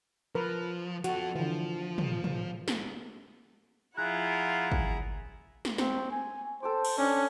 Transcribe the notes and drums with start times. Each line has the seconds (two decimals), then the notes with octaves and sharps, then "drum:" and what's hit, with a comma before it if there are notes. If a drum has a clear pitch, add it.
0.35 F3 A#4 B4
1.04 F3 F#4 A4, drum: hi-hat
1.35 D3 E3 F3
1.98 drum: tom
2.24 drum: tom
2.68 drum: snare
3.97 F3 E4 F4 G#4 F#5 A#5 F#6
4.72 drum: kick
5.65 drum: snare
5.78 C4 C#5, drum: snare
6.12 G#5
6.63 A4 C5 G5 D6
6.85 drum: cymbal
6.98 C#4 D4 D5 G5 G#5